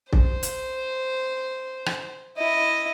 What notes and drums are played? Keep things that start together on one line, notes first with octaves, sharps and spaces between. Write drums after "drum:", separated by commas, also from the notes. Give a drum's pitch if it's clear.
C5, drum: kick
drum: hi-hat
drum: rim click
E4 D#5